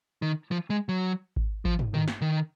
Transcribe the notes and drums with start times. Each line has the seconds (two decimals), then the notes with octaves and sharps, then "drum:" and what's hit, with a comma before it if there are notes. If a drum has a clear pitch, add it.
0.22 D#3
0.51 F3
0.70 G#3
0.89 F#3
1.36 drum: kick G#1
1.65 F3, drum: kick G#1
1.79 drum: tom
1.94 D#3, drum: tom
2.08 drum: snare
2.21 D#3